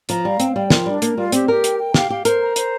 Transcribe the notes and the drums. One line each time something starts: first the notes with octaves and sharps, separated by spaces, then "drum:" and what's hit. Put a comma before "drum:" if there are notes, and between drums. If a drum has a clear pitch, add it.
F3 A#5, drum: hi-hat
G3 F5
C4 G5, drum: hi-hat
G3 G5
F3 A#4, drum: snare
G3 D4
A#3 A#4, drum: hi-hat
G3 F4
C4 G4, drum: hi-hat
G4 A#4
G5, drum: hi-hat
G5
G4 F5, drum: snare
G4 F5
A#4 C5, drum: hi-hat
A#5
C5, drum: hi-hat